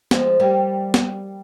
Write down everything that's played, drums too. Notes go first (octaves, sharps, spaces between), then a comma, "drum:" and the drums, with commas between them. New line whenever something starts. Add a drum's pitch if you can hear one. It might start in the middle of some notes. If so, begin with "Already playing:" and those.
F3 G#3, drum: snare
G3 A#3
drum: snare